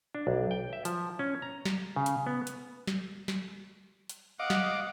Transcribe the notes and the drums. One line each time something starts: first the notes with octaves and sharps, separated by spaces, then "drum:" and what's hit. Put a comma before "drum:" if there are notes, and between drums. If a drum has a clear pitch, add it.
D4
B1
G5
E5
F3, drum: hi-hat
C#4
A#5
drum: snare
C#3
drum: hi-hat
B3
drum: hi-hat
drum: snare
drum: snare
drum: hi-hat
D#5 F5 F#5 D6
drum: snare